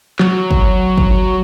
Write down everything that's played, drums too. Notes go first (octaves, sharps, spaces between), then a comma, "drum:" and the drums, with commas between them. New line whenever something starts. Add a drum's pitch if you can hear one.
F#3, drum: clap
drum: kick
drum: kick